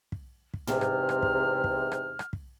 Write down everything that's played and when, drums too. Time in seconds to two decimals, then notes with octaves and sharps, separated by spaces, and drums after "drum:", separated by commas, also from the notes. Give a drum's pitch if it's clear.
0.12 drum: kick
0.54 drum: kick
0.67 E2 G#2 C3 F6, drum: tom
0.81 drum: rim click
1.09 drum: rim click
1.23 drum: kick
1.64 drum: kick
1.92 drum: rim click
2.19 drum: rim click
2.33 drum: kick